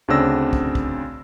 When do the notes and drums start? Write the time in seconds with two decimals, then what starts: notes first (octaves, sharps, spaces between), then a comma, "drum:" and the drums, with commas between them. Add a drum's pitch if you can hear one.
0.08 D2 C#3 C4 D4 E6 A#6
0.53 drum: kick
0.75 drum: kick